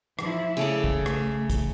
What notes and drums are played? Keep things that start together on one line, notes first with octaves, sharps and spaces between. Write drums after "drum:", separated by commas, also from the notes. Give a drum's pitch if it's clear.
F3 E4, drum: rim click
C#3 A3 A4 D5
drum: kick
drum: rim click
drum: kick, hi-hat